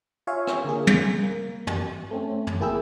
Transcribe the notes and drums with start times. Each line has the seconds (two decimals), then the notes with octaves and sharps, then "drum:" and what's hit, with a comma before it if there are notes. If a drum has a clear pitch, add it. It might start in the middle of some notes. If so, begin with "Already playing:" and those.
0.27 F4 C#5 E5 F5 G#5
0.47 drum: rim click
0.65 D3 A#3 G#4
0.87 drum: tom
1.23 A#3
1.67 drum: tom
2.11 A3 C4 C#4
2.47 drum: tom
2.60 G1 A#3 E4 G#4 G5 E6